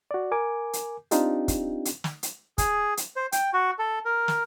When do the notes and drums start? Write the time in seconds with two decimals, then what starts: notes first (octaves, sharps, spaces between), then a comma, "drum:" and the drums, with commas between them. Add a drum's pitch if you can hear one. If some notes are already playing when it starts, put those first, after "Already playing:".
0.11 F#4 D5
0.32 A#4 G#5 D6
0.73 drum: hi-hat
1.11 C4 D4 D#4 F4 G4, drum: hi-hat
1.48 drum: kick, hi-hat
1.85 drum: hi-hat
2.04 drum: snare
2.23 drum: hi-hat
2.58 G#4, drum: kick, hi-hat
2.97 drum: hi-hat
3.16 C5
3.32 G5, drum: hi-hat
3.53 F#4
3.79 A4
4.05 A#4
4.28 drum: snare